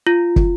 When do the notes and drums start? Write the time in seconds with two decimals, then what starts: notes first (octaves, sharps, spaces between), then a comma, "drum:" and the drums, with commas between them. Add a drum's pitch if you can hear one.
0.07 F4
0.36 drum: kick